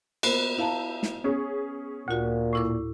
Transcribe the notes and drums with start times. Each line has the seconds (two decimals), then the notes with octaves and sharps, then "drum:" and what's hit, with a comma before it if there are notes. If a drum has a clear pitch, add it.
0.23 A#3 B3 C5 F#6, drum: cymbal
0.58 E4 F5 A5 A#5
1.03 drum: snare
1.24 B3 C#4 G#4
2.08 D2 A#2 F#4
2.53 A2 E4 D6